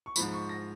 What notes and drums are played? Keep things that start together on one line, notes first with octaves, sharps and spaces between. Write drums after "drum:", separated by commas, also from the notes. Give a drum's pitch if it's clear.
C#6
G#2 F3 G#3 B5, drum: tambourine
C#6
A#6